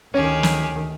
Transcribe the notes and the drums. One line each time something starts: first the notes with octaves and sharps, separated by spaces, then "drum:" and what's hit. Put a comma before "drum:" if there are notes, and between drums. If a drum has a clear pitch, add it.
D2 D#3 C#4 G4 G#4
drum: snare